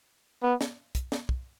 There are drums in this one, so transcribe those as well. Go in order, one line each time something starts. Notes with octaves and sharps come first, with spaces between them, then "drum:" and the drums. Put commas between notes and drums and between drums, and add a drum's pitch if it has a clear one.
B3
drum: snare
drum: kick, hi-hat
drum: snare
drum: kick